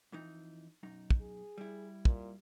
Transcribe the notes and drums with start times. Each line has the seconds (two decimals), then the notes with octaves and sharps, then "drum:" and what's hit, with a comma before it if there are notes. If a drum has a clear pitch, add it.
0.12 F2 E3 D#4
0.83 B1 F#2 D#4
1.10 drum: kick
1.21 G#4
1.58 G3 E4
2.05 A#2, drum: kick